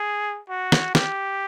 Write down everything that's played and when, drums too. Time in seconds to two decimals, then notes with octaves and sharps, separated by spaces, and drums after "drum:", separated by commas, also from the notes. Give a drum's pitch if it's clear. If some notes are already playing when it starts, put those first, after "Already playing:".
Already playing: G#4
0.49 F#4
0.72 drum: snare
0.95 G4, drum: snare